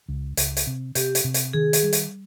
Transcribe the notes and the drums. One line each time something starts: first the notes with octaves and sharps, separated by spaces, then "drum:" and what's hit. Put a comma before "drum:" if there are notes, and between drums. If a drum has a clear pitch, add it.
C#2
C#2, drum: hi-hat
drum: hi-hat
C3
C3 G4, drum: hi-hat
drum: hi-hat
C3
drum: hi-hat
D#3 G#4
drum: hi-hat
G3
drum: hi-hat